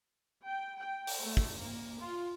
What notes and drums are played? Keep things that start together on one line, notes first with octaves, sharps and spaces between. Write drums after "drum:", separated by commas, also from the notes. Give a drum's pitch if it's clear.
G5
G5
drum: open hi-hat
A3
drum: kick
A#3
F4